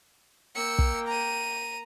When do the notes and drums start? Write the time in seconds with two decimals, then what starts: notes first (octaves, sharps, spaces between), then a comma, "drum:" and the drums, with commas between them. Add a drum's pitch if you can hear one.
0.55 A#3 G5 E6 C#7
0.79 drum: kick
1.07 A#5 D#7